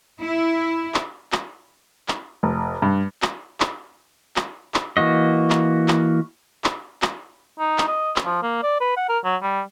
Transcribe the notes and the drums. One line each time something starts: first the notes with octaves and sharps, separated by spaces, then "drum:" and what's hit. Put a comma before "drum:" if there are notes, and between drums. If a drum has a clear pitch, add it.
E4
drum: clap
drum: clap
drum: clap
F1
G2
drum: clap
drum: clap
drum: clap
drum: clap
E3 A#3 F#4 D#5
drum: clap
drum: clap
drum: clap
drum: clap
D#4
drum: clap
D#5
drum: clap
F3
A#3
D5
B4
F#5
A#4
F#3
G3